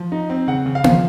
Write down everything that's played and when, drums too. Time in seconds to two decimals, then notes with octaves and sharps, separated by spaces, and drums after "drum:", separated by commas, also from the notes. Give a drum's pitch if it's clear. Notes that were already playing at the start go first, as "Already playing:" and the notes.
Already playing: F3
0.12 D#4
0.30 C4
0.48 C#3 F#5
0.66 C#3
0.75 F5
0.84 F3, drum: tom A#3